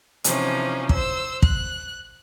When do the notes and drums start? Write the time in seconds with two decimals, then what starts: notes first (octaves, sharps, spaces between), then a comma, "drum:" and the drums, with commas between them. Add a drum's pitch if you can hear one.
0.24 C3 E3 F3 C#4 D#4, drum: hi-hat
0.89 C5 E6, drum: kick
1.42 F#6, drum: kick